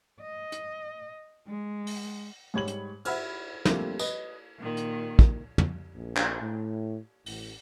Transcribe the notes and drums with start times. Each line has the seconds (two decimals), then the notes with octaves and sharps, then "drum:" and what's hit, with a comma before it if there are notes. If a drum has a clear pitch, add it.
0.22 D#5
0.52 drum: hi-hat
1.47 G#3
1.87 drum: open hi-hat
2.54 G#2 G3 C#5 B5 G#6 F#7
2.68 drum: hi-hat
3.05 E5 F#5 B5 E6 F6, drum: cymbal
3.65 F3 G3 A3 A#3 C4 D4, drum: snare
3.99 B4 D#5, drum: tambourine
4.58 A#2 D#3
4.77 drum: hi-hat
5.19 drum: kick
5.58 drum: tom
5.95 A#1
6.16 drum: clap
6.41 A2
7.26 A1, drum: open hi-hat